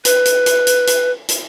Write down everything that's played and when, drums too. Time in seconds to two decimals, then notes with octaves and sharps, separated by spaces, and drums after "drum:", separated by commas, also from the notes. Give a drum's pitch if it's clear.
0.05 B4, drum: hi-hat
0.25 drum: hi-hat
0.46 drum: hi-hat
0.67 drum: hi-hat
0.87 drum: hi-hat
1.29 drum: hi-hat